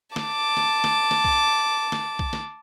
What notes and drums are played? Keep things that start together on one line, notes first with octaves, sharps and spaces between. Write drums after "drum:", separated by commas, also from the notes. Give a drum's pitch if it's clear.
A5 D6, drum: snare
drum: snare
drum: snare
drum: snare
drum: kick B1
drum: snare
drum: kick B1
drum: snare